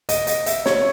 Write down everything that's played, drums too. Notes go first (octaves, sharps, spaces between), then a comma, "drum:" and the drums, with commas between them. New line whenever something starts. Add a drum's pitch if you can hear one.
D#5, drum: hi-hat
D#5, drum: hi-hat
E5, drum: hi-hat
C#5, drum: snare